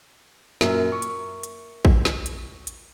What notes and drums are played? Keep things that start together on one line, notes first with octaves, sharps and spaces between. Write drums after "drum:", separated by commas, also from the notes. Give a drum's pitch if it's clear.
F#2 A#2 A#4 E5, drum: snare
C#6
drum: hi-hat
drum: hi-hat
drum: kick
drum: snare
drum: hi-hat
drum: hi-hat